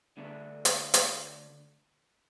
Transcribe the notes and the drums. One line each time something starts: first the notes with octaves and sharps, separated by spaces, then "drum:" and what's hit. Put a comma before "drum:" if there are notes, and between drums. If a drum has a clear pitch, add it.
D3 A3 D4 B4
drum: hi-hat
drum: hi-hat